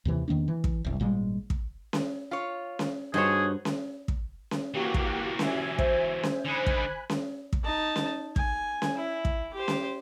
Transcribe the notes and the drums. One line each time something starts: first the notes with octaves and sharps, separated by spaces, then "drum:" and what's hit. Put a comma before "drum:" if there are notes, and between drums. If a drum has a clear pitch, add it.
D#2 C3 E3
E2 D#3 A#3 D4
E3
drum: kick
F#1 C2
G#1 A#2 G3 G#3
drum: kick
drum: snare C#4
F4 C#5
drum: snare C#4
G2 D#4 F#4 G#4 C5 C#5
drum: snare C#4
drum: kick
drum: snare C#4
E3 F#3 A#3 F#4 G4
drum: kick
E5 G#5, drum: snare C#4
C5, drum: kick
drum: snare C#4
D3 D#4 G#5 B5 F#6
drum: kick
drum: snare C#4
drum: kick
D#4 A5
drum: snare C#4
G#5, drum: kick
drum: snare C#4
E4
drum: kick
G4 C5
drum: snare C#4